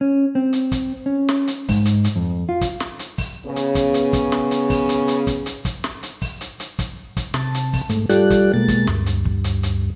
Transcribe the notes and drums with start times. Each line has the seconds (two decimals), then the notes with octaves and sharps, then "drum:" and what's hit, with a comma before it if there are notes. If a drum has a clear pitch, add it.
0.01 C#4
0.35 C4
0.53 drum: hi-hat
0.72 drum: kick, hi-hat
1.06 C#4
1.29 drum: snare
1.48 drum: hi-hat
1.69 G#2, drum: kick, open hi-hat
1.85 drum: hi-hat
2.04 drum: hi-hat
2.16 F2
2.49 F4
2.61 drum: kick, hi-hat
2.80 drum: snare
2.99 drum: hi-hat
3.18 drum: kick, open hi-hat
3.46 C#3 B3
3.56 drum: hi-hat
3.75 drum: kick, hi-hat
3.94 drum: hi-hat
4.13 drum: kick, hi-hat
4.32 drum: snare
4.51 drum: hi-hat
4.70 drum: kick, open hi-hat
4.89 drum: hi-hat
5.08 drum: hi-hat
5.27 drum: kick, hi-hat
5.46 drum: hi-hat
5.65 drum: kick, hi-hat
5.84 drum: snare
6.03 drum: hi-hat
6.22 drum: kick, open hi-hat
6.41 drum: hi-hat
6.60 drum: hi-hat
6.79 drum: kick, hi-hat
7.17 drum: kick, hi-hat
7.34 C3 A5, drum: snare
7.55 drum: hi-hat
7.73 drum: kick, open hi-hat
7.89 G#2 A3, drum: hi-hat
8.09 G3 F4 G4 A4 D5 F#6, drum: hi-hat
8.30 drum: kick, hi-hat
8.54 B2 G#3 A#3 A6
8.68 drum: kick, hi-hat
8.87 D2 G2, drum: snare
9.06 drum: hi-hat
9.25 drum: kick
9.44 drum: hi-hat
9.63 drum: hi-hat